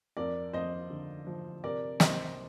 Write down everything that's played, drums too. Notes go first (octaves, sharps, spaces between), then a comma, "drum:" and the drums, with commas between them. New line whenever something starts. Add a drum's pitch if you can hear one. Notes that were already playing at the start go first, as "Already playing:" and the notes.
F2 A#4 D5
F2 C5 D#5
D3
F3
C3 A#4 D5
C2 C5 D#5, drum: snare